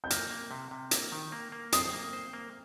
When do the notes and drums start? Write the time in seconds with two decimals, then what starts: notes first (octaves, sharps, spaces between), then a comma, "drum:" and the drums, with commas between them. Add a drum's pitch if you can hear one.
0.04 G6
0.10 A#3 F6, drum: hi-hat
0.31 A#3
0.51 C3
0.71 C3
0.91 A#3, drum: hi-hat
1.12 D#3
1.32 A#3
1.52 A#3
1.72 C5 D#6, drum: hi-hat
1.93 A#3
2.13 C5
2.33 A#3